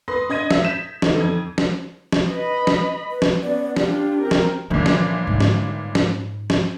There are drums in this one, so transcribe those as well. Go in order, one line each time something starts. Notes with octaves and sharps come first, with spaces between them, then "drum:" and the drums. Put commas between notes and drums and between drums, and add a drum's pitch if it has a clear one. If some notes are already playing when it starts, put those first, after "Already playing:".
B4 C6 D#6 A#6
D4 D#5 G#6 A#6 D#7
E5, drum: snare
G6 B6 E7
D3 E3 F3 D#4 A4, drum: snare
F2 G#6
drum: snare
drum: snare
B4 D#5 B5
drum: snare
B4
drum: snare
B3 C#4 D5
D4 F4 G4, drum: snare
C4 A#4
drum: snare
G1 A#2 E3 F3
drum: snare
G#2
drum: snare
drum: snare
drum: snare